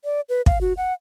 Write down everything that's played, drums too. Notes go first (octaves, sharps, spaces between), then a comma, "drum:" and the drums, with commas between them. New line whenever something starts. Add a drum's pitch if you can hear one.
D5
B4
F5, drum: kick
F#4
F#5